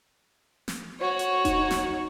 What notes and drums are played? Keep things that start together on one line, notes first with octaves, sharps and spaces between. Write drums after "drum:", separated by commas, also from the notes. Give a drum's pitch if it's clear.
drum: snare
F#4 C#5
drum: hi-hat
D#4, drum: kick E1, hi-hat
drum: snare